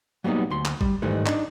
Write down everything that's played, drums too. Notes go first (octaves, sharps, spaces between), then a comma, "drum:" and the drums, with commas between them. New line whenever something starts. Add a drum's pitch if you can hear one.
F#3 G3 A#3 B3 D#4
D2 C6
drum: clap
G3, drum: kick
G#2 D#3 E3 G3 A3
D4 D#4, drum: clap